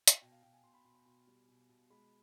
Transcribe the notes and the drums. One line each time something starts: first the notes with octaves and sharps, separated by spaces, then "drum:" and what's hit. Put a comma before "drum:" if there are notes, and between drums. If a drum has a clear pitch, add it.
drum: hi-hat
B2 G5
F5
B2 G5
G#5
B2 C6
B5
B2 C6
B5
B2 C6
G3
B2
B2
G#3 B5